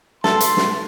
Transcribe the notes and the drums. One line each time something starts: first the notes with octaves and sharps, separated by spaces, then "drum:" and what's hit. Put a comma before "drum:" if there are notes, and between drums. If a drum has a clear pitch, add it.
A4 C6, drum: snare
drum: hi-hat
drum: snare